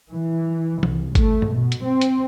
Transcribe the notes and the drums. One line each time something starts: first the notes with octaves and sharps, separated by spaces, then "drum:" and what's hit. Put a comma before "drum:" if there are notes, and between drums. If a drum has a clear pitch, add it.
E3
C2, drum: tom E3
A3, drum: kick, hi-hat
drum: tom G2
B2
drum: hi-hat
C4
drum: hi-hat